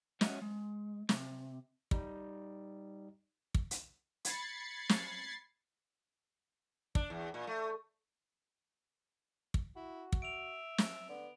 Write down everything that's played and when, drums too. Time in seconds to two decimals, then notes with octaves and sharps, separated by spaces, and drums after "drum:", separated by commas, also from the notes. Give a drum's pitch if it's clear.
0.21 F#3 G#3 C#4 F#4 D#5 E5, drum: snare
0.42 G#3
1.09 C3, drum: snare
1.91 G3 D#4, drum: kick
3.54 drum: kick
3.71 drum: hi-hat
4.25 B5 G#6 A6 C7 C#7, drum: hi-hat
4.89 drum: snare
6.95 D4, drum: kick
7.10 E2
7.34 A#2
7.47 A3
9.54 drum: kick
9.76 E4 F#4
10.12 drum: kick
10.22 E5 D7 F7
10.78 drum: snare
11.09 D3 B3